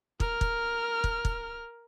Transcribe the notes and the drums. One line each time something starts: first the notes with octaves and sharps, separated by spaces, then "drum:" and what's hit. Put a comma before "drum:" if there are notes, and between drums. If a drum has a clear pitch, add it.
A#4 F6, drum: kick
drum: kick
drum: kick
drum: kick